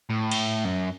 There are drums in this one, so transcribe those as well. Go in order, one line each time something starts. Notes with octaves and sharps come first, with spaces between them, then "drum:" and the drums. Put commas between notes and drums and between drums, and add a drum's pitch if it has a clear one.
A2
drum: cymbal
F#2